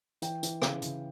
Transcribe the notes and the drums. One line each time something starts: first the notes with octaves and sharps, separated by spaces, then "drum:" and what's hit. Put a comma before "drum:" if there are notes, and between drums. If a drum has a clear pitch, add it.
E3 G5, drum: hi-hat
E3, drum: hi-hat
C#3, drum: rim click
C#3, drum: hi-hat